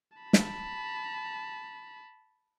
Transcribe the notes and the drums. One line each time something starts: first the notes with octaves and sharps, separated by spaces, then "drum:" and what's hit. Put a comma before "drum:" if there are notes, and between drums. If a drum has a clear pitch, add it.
A5 B5
drum: snare